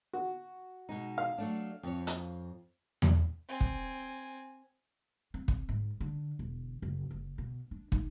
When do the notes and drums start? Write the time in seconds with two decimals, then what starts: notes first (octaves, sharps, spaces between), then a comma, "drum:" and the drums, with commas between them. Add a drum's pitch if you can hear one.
0.13 F#4
0.89 B2 G#3 D#4
1.18 F5
1.38 F#3 A3 D4
1.83 F2 C#5
2.07 drum: hi-hat
3.02 drum: tom E2
3.49 C4 G#5
3.61 drum: kick
5.34 C4
5.48 drum: kick
5.69 G#2
6.00 D3
6.39 E1
6.82 F#1
7.11 F#1
7.38 B2
7.71 D4
7.92 D#4, drum: kick